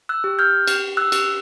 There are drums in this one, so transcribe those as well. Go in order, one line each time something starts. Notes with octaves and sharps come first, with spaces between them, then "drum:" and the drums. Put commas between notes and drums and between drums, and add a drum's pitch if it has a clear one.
E6 F#6
G4
F6 G6
G4, drum: cymbal
E6 F#6
G4, drum: cymbal